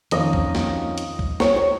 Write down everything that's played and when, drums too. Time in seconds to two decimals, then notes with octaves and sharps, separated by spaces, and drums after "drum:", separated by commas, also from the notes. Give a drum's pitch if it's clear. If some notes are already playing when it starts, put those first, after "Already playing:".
0.11 F2 D#3 A#3 C#4 F4 D#5, drum: hi-hat
0.33 drum: kick
0.55 drum: snare
0.98 drum: hi-hat
1.19 drum: kick
1.40 C#5, drum: snare
1.56 C#5